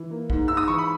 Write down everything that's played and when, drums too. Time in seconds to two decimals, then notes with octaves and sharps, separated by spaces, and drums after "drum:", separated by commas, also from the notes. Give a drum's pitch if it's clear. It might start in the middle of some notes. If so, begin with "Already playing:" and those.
Already playing: E3
0.11 A#3
0.30 G#2, drum: kick
0.48 G#2 E6
0.57 D#6
0.68 E3 C#6
0.78 B5